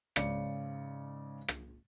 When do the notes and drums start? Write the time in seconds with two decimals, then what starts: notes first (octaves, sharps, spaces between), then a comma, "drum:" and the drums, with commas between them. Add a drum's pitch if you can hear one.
0.16 G#2 C#3 D5 C#7, drum: rim click
1.48 drum: rim click